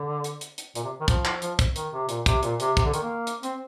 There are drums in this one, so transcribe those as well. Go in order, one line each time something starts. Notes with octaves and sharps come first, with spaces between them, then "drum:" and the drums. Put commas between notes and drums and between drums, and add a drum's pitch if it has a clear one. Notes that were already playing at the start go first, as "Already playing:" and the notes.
Already playing: D3
drum: hi-hat
drum: hi-hat
drum: hi-hat
A#2, drum: hi-hat
C3
D#3
F3, drum: kick, hi-hat
drum: clap
F3, drum: hi-hat
drum: kick, hi-hat
D#3, drum: hi-hat
C3
A#2, drum: hi-hat
C3, drum: kick, hi-hat
A#2, drum: hi-hat
C3, drum: hi-hat
C3, drum: kick, hi-hat
D3
D#3, drum: hi-hat
A#3
drum: hi-hat
C4, drum: hi-hat